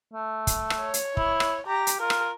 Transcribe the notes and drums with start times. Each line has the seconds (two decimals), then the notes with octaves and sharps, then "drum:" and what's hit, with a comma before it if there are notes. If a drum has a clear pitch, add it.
0.14 A3
0.47 drum: kick, hi-hat
0.70 drum: rim click
0.81 C#5
0.94 drum: hi-hat
1.17 E4, drum: kick
1.40 drum: rim click
1.67 G4 A#5
1.87 drum: hi-hat
2.01 F4 A#4
2.10 drum: rim click